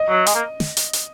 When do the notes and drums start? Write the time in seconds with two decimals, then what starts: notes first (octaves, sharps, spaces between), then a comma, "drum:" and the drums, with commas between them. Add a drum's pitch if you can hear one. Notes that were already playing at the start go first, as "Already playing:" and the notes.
Already playing: D#5
0.10 F#3
0.26 G#3, drum: hi-hat
0.35 A#3
0.60 drum: snare
0.77 drum: hi-hat
0.93 drum: hi-hat